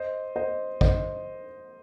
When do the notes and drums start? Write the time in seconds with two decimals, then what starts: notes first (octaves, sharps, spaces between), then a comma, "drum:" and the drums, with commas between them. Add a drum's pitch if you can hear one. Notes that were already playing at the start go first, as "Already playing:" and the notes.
Already playing: C5 D#5
0.36 C5 D#5
0.81 C5 D#5, drum: kick